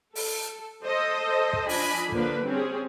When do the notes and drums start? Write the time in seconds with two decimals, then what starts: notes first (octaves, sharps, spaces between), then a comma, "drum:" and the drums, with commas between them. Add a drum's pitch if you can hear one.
0.15 A4, drum: open hi-hat
0.85 A4 C5 D#5
1.53 drum: kick
1.69 F3 D4 D#5 G#5 B5, drum: open hi-hat
2.12 D3 F3 A#3 D4 B4, drum: kick
2.45 G3 C4 C#4 G#4